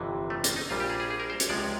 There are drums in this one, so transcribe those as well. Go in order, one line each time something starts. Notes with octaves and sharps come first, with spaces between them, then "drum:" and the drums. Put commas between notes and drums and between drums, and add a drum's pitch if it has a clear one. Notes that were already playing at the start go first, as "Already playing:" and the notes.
Already playing: G1 F2 C3 E3
A3
A#3, drum: hi-hat
D#4
A#1 A#2 G3 F4
G4
G#4
G#4
G#4
A#4
C5
C#5, drum: hi-hat
C#2 C3 F3 G#3 D5